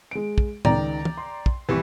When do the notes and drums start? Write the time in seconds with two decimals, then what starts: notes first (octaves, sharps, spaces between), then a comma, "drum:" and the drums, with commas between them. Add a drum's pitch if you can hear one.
0.11 G#3 D7
0.38 drum: kick
0.65 C#2 D#3 D5 G5 A#5, drum: tom
1.05 drum: tom
1.17 C6
1.46 drum: kick
1.69 C2 E3 G3 C#6